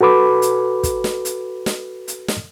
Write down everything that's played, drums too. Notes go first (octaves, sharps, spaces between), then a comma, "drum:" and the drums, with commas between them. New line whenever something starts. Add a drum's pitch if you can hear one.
F#4 A4 B4 B5 D6
drum: hi-hat
drum: kick, hi-hat
drum: snare
drum: hi-hat
drum: snare
drum: hi-hat
drum: snare